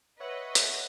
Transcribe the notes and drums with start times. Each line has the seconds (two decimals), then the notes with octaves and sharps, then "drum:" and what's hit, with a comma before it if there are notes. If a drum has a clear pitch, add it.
0.20 B4 C#5 D#5 E5 F#5
0.55 drum: hi-hat